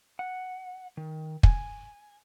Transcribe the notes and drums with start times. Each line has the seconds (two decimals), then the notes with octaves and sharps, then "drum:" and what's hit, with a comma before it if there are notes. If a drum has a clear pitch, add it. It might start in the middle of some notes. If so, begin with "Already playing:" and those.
0.19 F#5
0.97 D#3
1.43 G#5, drum: kick